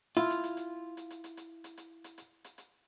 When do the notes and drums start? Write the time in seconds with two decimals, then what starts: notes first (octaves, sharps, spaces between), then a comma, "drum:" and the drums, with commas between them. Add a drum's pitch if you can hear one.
0.17 E4 F4, drum: hi-hat
0.30 drum: hi-hat
0.43 drum: hi-hat
0.57 drum: hi-hat
0.97 drum: hi-hat
1.10 drum: hi-hat
1.24 drum: hi-hat
1.37 drum: hi-hat
1.64 drum: hi-hat
1.77 drum: hi-hat
2.04 drum: hi-hat
2.18 drum: hi-hat
2.44 drum: hi-hat
2.58 drum: hi-hat